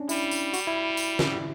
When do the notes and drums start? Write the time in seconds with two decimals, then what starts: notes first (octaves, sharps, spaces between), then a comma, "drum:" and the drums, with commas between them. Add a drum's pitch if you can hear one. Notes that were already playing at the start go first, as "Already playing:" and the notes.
Already playing: C#4 D4
0.09 G3 E4, drum: tambourine
0.31 drum: tambourine
0.54 F#4, drum: tambourine
0.67 E4
0.97 drum: tambourine
1.19 drum: snare